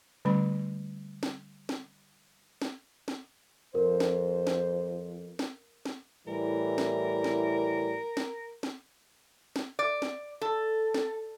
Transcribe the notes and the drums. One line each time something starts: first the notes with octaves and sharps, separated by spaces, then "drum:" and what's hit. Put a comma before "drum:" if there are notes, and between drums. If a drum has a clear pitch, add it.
D3 G3 A3 C#4 B5
drum: snare
drum: snare
drum: snare
drum: snare
F2 A#4 C5
drum: snare
drum: snare
drum: snare
drum: snare
A2 E3 G3 A#4
drum: snare
drum: snare
drum: snare
drum: snare
drum: snare
D5
drum: snare
A4
drum: snare